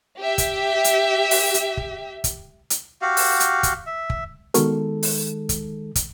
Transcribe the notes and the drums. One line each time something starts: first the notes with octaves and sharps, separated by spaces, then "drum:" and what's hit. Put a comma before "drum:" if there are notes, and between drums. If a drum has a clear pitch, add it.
G4 E5
drum: kick, hi-hat
drum: hi-hat
drum: open hi-hat
drum: hi-hat
drum: kick
drum: kick, hi-hat
drum: hi-hat
F#4 G4 F5 F#5
drum: open hi-hat
drum: hi-hat
drum: kick, hi-hat
E5
drum: kick
D#3 G#3 B3 F#4 A4 A#4, drum: hi-hat
drum: open hi-hat
drum: kick, hi-hat
drum: kick, hi-hat